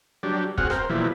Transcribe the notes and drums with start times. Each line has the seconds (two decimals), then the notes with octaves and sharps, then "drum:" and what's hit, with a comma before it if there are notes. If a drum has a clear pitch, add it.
0.23 F#3 G3 D4 G4
0.58 C4 F#4 G#4 F#5 F6, drum: kick
0.70 A#4 C5, drum: rim click
0.90 B2 E3 F3 G3 A#3 E4